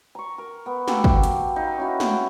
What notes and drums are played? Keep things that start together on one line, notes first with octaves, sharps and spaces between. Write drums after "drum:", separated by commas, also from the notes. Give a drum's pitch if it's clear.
A#5 C#6
A#4
B3
A#3 F#4 G4 A4, drum: snare
drum: kick
drum: hi-hat
D#4 F5
C#4 E4 F#4
drum: snare